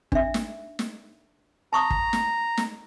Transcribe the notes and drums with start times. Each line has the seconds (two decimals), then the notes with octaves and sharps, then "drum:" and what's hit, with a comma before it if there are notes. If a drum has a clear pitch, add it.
0.12 D4 E5, drum: kick
0.34 drum: snare
0.79 drum: snare
1.73 A5 A#5 C#6 D#6
1.90 drum: kick
2.13 drum: snare
2.57 drum: snare